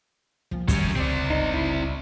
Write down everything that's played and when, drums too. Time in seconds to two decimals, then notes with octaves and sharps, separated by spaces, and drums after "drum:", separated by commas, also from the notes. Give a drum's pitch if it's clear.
0.51 C2 F3 A#3
0.68 D#1 G2 D#3 F#3 G3 C#4, drum: kick, hi-hat
0.96 C#2 C3 C4 D5
1.30 G1 D#4
1.54 C#2 G2 E4